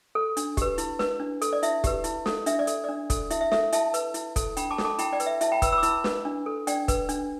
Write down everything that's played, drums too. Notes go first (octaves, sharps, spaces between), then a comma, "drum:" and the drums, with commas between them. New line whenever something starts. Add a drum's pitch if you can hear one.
A4
D4, drum: hi-hat
G4 B4, drum: kick, hi-hat
E4, drum: hi-hat
B4, drum: snare
D4
A4, drum: hi-hat
D5
E4 E5, drum: hi-hat
G4 B4, drum: kick, hi-hat
E4, drum: hi-hat
A4, drum: snare
D4 E5, drum: hi-hat
D5
A4, drum: hi-hat
D4 D5
A4, drum: kick, hi-hat
E4 E5, drum: hi-hat
E5
A4 E5, drum: snare
E4 E5 A5, drum: hi-hat
B4, drum: hi-hat
E4, drum: hi-hat
A4, drum: kick, hi-hat
D4 G5 B5, drum: hi-hat
A5 D6
A4, drum: snare
A5 D6
E4 G5 B5, drum: hi-hat
D5 G5
B4, drum: hi-hat
E5
E4 E5 A5, drum: hi-hat
G5 B5
B4 B5 E6, drum: kick, hi-hat
B5 E6
D6
E4 B5 E6, drum: hi-hat
B4, drum: snare
D4
A4
D4 D5 G5, drum: hi-hat
B4, drum: kick, hi-hat
D4, drum: hi-hat